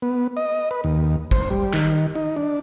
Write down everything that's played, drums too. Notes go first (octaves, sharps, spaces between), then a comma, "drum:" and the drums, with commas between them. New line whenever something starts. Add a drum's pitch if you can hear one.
B3
D#5
B4
D#2
C5, drum: kick
G3
D#3, drum: clap
D#4
D4